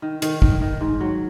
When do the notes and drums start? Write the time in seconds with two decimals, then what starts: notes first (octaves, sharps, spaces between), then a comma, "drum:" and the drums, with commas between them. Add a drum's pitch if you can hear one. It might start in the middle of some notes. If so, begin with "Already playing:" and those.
0.02 D#3
0.22 D#3, drum: hi-hat
0.42 D#3, drum: kick
0.61 D#3
0.81 G#2
1.00 F#3